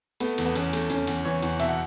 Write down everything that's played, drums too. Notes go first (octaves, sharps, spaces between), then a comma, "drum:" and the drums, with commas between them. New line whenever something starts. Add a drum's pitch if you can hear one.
A3 B3, drum: cymbal
E2, drum: cymbal
B3
E2 C#4, drum: cymbal
A3, drum: cymbal
E2 C#4, drum: cymbal
E2, drum: cymbal
E3 C#5
E2, drum: cymbal
B2 E5, drum: cymbal
F#5